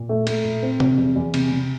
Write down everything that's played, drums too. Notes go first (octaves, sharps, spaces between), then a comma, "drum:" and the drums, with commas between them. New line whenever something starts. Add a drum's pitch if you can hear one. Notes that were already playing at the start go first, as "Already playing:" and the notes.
Already playing: A#2
A3
A3, drum: cymbal
A#2
C4
C3, drum: tom C3
E2
E2
C3, drum: cymbal
C3